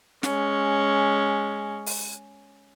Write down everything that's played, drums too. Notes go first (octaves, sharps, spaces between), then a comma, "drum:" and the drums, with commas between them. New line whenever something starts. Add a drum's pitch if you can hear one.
G#3 C#4, drum: snare
drum: open hi-hat